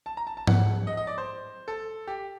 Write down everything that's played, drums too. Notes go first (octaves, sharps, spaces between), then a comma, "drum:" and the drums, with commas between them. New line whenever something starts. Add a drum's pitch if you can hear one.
A5
A#5
A5
A5
F#5, drum: tom G#2
D#5
D#5
D5
C5
A4
G4